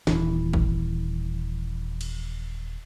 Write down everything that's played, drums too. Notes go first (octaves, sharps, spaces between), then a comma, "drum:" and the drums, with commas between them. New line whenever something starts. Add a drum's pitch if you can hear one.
D#1 G#1 E3, drum: snare
drum: kick G#1
drum: cymbal